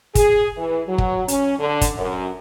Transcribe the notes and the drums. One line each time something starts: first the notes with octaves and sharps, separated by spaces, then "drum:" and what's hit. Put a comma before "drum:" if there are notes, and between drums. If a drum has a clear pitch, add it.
G#4, drum: kick, hi-hat
E3
F#3
drum: kick
C#4, drum: hi-hat
D3
drum: kick, hi-hat
F#2